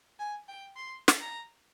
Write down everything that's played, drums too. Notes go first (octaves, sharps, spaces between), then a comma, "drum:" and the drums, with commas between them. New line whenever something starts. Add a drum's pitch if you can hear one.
G#5
G5
C6
drum: snare
A#5